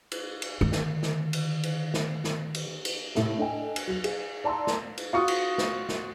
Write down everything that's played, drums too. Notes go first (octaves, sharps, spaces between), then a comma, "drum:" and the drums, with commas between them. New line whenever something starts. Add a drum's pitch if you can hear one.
drum: cymbal
drum: cymbal
D3 D#3
drum: snare
drum: snare
drum: cymbal
drum: cymbal
drum: snare
drum: snare
drum: cymbal
drum: cymbal
A2 C3 A4 E5, drum: snare
D4 A4 D#5 G5 G#5
drum: cymbal
F#3 F7
G#4, drum: cymbal
D5 A5 A#5 C6 E6
drum: snare
drum: cymbal
F4 F#4 C#6 D#6
drum: cymbal
drum: snare
drum: snare